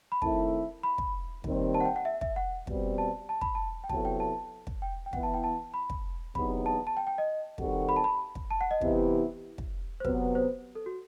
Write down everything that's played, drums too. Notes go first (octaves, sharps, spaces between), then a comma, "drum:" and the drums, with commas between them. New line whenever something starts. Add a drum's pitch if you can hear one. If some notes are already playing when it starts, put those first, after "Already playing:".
B5
D#3 A3 C4 E4 A5, drum: kick
B5
drum: kick
D#2 D#3 G3 C4, drum: kick
A5
F#5
G5
F#5
E5
E5, drum: kick
F#5
B2 G3 C4, drum: kick
A5
A5
B5, drum: kick
A5
G5
C3 F#3 B3 E4 A4 A5, drum: kick
G5
A5
drum: kick
G5
G5
E3 B3 E4 F#5, drum: kick
A5
G5
A5
B5
drum: kick
E2 C3 F#3 B3 D#4 B5, drum: kick
A5
A5
G5
G5
D#5
D#3 G3 C4 F#4 A4, drum: kick
B5
A5
B5
drum: kick
A5
F#5
D#5
C3 E3 B3 E4 G4, drum: kick
drum: kick
C5
C3 F#3 B3 B4, drum: kick
C5
A4
F#4